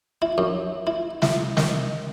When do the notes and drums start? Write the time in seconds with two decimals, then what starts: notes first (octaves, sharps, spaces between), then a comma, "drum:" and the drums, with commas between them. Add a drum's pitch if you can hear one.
0.22 E4
0.38 F#2
0.87 E4
1.22 E4, drum: snare
1.57 D#3, drum: snare